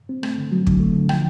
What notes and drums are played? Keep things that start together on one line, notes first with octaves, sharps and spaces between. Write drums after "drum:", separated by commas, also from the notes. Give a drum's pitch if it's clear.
C4
A3, drum: rim click
D3
F#3
D3, drum: kick
A3
D3
F3 G5, drum: rim click